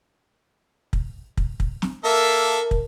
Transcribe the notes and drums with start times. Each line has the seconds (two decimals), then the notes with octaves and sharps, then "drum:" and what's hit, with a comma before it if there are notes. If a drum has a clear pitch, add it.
0.93 drum: kick
1.37 drum: kick
1.60 drum: kick
1.82 drum: snare
2.04 A#3 A4 A#4 E5
2.71 drum: kick